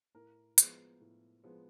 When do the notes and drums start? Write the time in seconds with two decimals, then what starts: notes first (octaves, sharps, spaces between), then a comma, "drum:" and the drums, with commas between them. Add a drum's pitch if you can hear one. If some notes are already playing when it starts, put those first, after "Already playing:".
0.15 A2 A#4
0.58 F3 G#3 B3, drum: hi-hat
1.00 A2
1.44 F3 G#3 B3